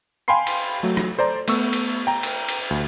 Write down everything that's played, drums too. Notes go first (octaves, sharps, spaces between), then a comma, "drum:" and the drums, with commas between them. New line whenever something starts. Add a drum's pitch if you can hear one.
F5 G5 G#5 B5 C6 C7
drum: cymbal
F#3 A3
drum: rim click
A4 C5 D5 A#5
A3 B3 C#6 E6, drum: cymbal
drum: cymbal
G5 A#5
drum: cymbal
drum: cymbal
D2